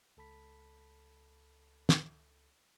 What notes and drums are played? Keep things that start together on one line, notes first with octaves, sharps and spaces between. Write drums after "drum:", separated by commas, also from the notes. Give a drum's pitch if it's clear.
C#2 A4 A5 B5 B6
drum: snare